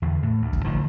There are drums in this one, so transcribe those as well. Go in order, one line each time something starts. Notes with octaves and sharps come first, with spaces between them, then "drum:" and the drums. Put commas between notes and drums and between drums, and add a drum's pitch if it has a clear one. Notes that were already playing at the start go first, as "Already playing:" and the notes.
E2 D3
A2
D2
drum: kick
A1 D3 D#3 F3